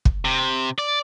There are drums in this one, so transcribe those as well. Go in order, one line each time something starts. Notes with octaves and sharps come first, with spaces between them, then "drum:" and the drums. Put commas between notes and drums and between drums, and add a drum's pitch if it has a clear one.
drum: kick
C3
D5